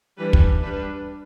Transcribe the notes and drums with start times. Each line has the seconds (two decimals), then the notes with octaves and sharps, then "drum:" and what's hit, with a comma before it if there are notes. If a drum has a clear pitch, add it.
0.18 E3 G3 D4 B4
0.33 drum: kick
0.62 G3 D4 B4